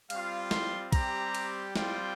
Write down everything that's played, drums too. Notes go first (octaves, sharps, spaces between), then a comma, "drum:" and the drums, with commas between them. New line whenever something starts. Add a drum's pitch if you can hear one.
G3 C4 F4 F5, drum: cymbal
C6, drum: snare
G3 C4 G4 A#5, drum: kick, cymbal
drum: cymbal
G3 C4 F4 G5, drum: snare